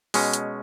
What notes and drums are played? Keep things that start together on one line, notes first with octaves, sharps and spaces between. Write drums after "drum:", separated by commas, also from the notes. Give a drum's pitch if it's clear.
B2 G#3 C#4, drum: open hi-hat
drum: hi-hat